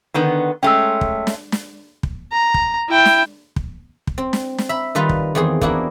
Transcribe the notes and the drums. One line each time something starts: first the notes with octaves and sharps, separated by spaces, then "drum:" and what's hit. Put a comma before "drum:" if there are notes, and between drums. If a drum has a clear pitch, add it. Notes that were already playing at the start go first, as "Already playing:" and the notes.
D3 D#3 B3
G#3 A3 C#4 G5 E6
drum: kick
drum: snare
drum: snare
drum: kick
A#5
drum: kick
E4 G5
drum: snare
drum: kick
drum: kick
C4
drum: snare
drum: snare
E5 B5
D#3 G3 F4 B4 D#5
drum: kick
E2 D#3 C4 G#4 C6
A#3 D4 E4 F#4 G#4, drum: kick